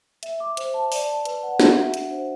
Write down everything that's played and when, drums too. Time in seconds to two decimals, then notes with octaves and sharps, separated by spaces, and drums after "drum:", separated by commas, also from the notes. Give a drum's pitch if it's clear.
0.23 E5, drum: hi-hat
0.40 D6
0.57 C5, drum: hi-hat
0.74 A5
0.92 D5, drum: open hi-hat
1.08 A5
1.25 B4, drum: hi-hat
1.43 F#5
1.60 F#4, drum: snare
1.77 E5
1.94 D4, drum: hi-hat
2.11 C5